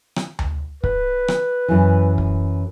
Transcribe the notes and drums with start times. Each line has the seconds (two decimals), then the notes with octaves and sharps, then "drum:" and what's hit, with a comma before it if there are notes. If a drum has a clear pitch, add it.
0.16 drum: rim click
0.39 drum: tom D2
0.84 B4, drum: kick
1.28 drum: rim click
1.68 F#2 E3
2.18 drum: kick